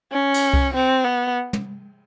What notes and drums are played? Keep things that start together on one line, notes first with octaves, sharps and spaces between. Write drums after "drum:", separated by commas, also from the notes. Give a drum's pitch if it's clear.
C#4
drum: cymbal
drum: kick C2
C4
B3
drum: tom